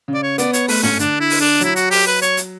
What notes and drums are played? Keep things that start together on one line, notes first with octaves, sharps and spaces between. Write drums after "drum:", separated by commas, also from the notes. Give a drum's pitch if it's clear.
C#3
D5
C#5
B3 D5, drum: hi-hat
C#5, drum: hi-hat
A3 B4, drum: open hi-hat
C#4, drum: tom
D3 D4, drum: hi-hat
E4
drum: open hi-hat
D4
F#3 E4, drum: hi-hat
F#4, drum: hi-hat
G4, drum: open hi-hat
B4
C#5, drum: hi-hat
drum: hi-hat